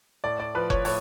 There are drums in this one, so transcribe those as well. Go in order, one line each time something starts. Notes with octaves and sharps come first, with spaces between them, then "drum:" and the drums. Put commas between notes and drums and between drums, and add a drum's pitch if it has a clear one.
A2 D5
D5
F3 B4
C#5, drum: kick F1
A2 C#5, drum: open hi-hat